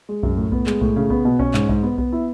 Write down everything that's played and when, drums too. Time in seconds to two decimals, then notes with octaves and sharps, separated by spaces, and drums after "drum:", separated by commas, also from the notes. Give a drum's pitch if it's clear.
0.09 G#3
0.23 F#2, drum: kick B1
0.37 A2
0.52 B3, drum: kick B1
0.66 G#3, drum: clap
0.81 A2, drum: kick B1
0.96 C#3
1.10 B3, drum: kick B1
1.25 B2
1.39 C#4, drum: kick B1
1.54 G#2, drum: clap
1.69 G#2, drum: kick B1
1.83 B3
1.98 B3, drum: kick B1
2.13 E4